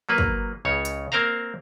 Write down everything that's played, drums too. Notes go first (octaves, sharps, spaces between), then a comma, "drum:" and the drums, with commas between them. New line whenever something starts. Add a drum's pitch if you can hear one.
F#3 A#3 B4
drum: kick
C#2 C#3 C#5
drum: hi-hat
A#3 C4 A#4 C5 F5 A#5